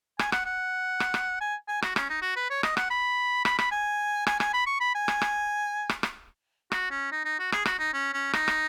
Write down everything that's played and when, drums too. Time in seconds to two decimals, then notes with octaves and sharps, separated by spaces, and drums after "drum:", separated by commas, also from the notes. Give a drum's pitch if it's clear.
0.19 G#5, drum: rim click
0.32 F#5, drum: rim click
0.46 F#5
1.00 drum: rim click
1.14 drum: rim click
1.41 G#5
1.68 G#5
1.82 F#4, drum: rim click
1.96 C#4, drum: rim click
2.10 D#4
2.22 F#4
2.36 B4
2.50 C#5
2.63 D#5, drum: rim click
2.77 F#5, drum: rim click
2.91 B5
3.45 B5, drum: rim click
3.59 B5, drum: rim click
3.71 G#5
4.27 G#5, drum: rim click
4.40 G#5, drum: rim click
4.54 B5
4.67 C#6
4.80 B5
4.95 G#5
5.08 drum: rim click
5.21 drum: rim click
5.89 drum: rim click
6.03 drum: rim click
6.72 F#4, drum: rim click
6.91 C#4
7.12 D#4
7.25 D#4
7.39 F#4
7.52 G#4, drum: rim click
7.65 F#4, drum: rim click
7.79 D#4
7.93 C#4
8.14 C#4
8.33 D#4, drum: rim click
8.48 drum: rim click